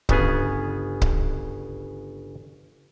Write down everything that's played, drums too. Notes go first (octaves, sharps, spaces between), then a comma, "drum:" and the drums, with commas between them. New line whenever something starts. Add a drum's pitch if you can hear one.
G1 C#3 B3 G#4, drum: kick C#1
drum: kick C#1